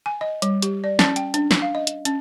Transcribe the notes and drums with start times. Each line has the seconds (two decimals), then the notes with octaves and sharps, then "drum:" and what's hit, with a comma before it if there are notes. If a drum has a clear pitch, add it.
0.06 G#5
0.21 D#5
0.42 G3, drum: hi-hat
0.62 G4, drum: hi-hat
0.84 D5
0.99 C#4, drum: snare
1.16 G5, drum: hi-hat
1.34 D4, drum: hi-hat
1.51 drum: snare
1.62 F5
1.75 D#5
1.87 drum: hi-hat
2.05 C#4, drum: hi-hat